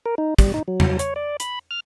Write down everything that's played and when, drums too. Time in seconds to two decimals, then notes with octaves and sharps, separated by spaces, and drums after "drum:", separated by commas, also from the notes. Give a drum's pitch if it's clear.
0.06 A#4
0.18 D#4
0.39 G3, drum: kick, hi-hat
0.54 D#4
0.68 F#3
0.80 drum: tom
0.99 C#5, drum: hi-hat
1.16 D5
1.40 B5, drum: hi-hat
1.71 F6